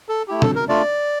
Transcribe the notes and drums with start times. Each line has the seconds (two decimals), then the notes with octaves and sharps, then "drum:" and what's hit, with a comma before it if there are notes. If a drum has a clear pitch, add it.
0.09 A4
0.28 A3 E4 G4
0.42 A4, drum: tom
0.55 A#4
0.69 A3 D4 F4 D5